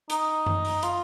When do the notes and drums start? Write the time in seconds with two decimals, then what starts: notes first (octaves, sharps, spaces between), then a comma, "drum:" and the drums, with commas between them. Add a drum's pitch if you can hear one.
0.10 D#4, drum: hi-hat
0.46 drum: tom F#2
0.65 drum: open hi-hat
0.83 F4, drum: hi-hat